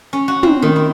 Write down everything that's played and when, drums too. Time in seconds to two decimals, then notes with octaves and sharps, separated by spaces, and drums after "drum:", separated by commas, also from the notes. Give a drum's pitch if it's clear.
0.13 C#4
0.28 F#4
0.43 C4, drum: tom
0.62 D#3
0.76 E4